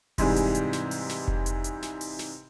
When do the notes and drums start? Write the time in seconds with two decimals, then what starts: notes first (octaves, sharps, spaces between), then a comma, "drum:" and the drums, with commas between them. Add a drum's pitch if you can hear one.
0.18 G#2 C3 E3 G3 G#3, drum: kick F1, open hi-hat
0.36 drum: hi-hat
0.55 drum: hi-hat
0.73 drum: snare
0.91 drum: open hi-hat
1.09 drum: snare
1.28 drum: kick F1
1.46 drum: hi-hat
1.64 drum: hi-hat
1.82 drum: snare
2.01 drum: open hi-hat
2.19 drum: snare